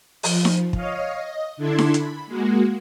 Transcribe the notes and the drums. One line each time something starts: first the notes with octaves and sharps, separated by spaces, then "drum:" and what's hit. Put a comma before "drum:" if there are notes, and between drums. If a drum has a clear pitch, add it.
F3, drum: open hi-hat
drum: snare D#4
C#5 D#5 F5, drum: kick
D#5
D3 D4 E4 A4 C6 G#6
drum: snare D#4
B5, drum: hi-hat
G#3 A#3 F#4